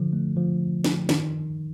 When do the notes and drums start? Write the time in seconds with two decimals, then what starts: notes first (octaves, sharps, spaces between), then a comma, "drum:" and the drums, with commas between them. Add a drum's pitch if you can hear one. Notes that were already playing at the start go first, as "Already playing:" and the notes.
Already playing: D3 F3
0.13 A3
0.36 F3
0.84 drum: snare
1.09 D#3, drum: snare